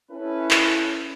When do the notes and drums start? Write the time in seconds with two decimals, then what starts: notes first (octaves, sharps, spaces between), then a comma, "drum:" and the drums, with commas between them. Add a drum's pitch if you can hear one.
0.11 C#4 E4 A4 B4
0.51 drum: clap